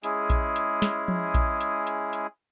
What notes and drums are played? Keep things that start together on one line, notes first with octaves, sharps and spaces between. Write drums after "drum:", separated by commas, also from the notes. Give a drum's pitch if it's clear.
G#3 C#4 E4 G#4, drum: hi-hat
drum: kick A#1, hi-hat
drum: hi-hat
drum: snare
drum: tom F3
drum: kick A#1, hi-hat
drum: hi-hat
drum: hi-hat
drum: hi-hat